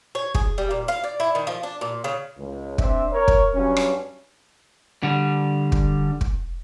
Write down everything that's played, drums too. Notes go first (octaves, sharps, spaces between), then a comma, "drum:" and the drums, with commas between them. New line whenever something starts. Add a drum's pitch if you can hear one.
C#5
G#4, drum: kick
G3
A#2
F5
D5
E4
D#3
F3
D4
A#2
C#3
C#2
C4 D4 E5, drum: kick
A#4 C#5
drum: kick
G2 F#3 C#4
drum: rim click
D3 G3
drum: kick
drum: kick